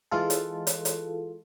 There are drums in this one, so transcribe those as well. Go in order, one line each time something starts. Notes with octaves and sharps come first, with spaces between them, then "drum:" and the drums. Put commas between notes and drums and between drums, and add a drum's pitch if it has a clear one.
E3 G#3 F4 A4
drum: hi-hat
drum: hi-hat
drum: hi-hat